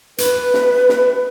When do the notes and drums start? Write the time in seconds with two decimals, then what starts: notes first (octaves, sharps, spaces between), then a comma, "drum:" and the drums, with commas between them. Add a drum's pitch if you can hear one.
0.18 B4, drum: hi-hat
0.54 drum: snare
0.89 drum: snare